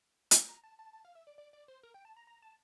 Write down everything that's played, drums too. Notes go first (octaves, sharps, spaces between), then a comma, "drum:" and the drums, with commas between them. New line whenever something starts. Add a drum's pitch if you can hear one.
drum: hi-hat
A#5
A5
A5
A5
F5
E5
D5
D5
D5
C5
A#4
G5
A5
A#5
A#5
A5